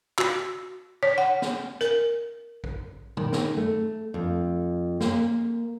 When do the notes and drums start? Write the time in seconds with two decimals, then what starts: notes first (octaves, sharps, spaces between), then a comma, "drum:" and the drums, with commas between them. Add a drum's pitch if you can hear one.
0.19 F#4, drum: clap
1.03 C#5
1.18 F#5
1.42 drum: snare
1.81 A#4, drum: hi-hat
2.64 drum: kick A1
3.17 D#3, drum: tom
3.33 drum: snare
3.57 A3
4.14 F2
5.00 A#3, drum: snare